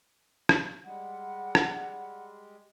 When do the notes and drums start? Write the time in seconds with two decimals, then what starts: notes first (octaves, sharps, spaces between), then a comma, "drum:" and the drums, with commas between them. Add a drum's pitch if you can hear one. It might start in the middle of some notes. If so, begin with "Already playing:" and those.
0.49 drum: rim click
0.85 G3 G#3 F#5
1.55 drum: rim click